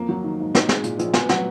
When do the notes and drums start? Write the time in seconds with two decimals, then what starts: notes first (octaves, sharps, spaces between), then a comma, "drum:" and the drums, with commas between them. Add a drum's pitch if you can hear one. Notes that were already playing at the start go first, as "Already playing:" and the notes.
Already playing: F2 A#3
0.09 F#3
0.24 D#3
0.40 G#2
0.55 D#4, drum: snare
0.69 G#3, drum: snare
0.83 A#2, drum: hi-hat
0.99 A#1, drum: hi-hat
1.13 B3 G#5, drum: snare
1.29 F#3 F#5, drum: snare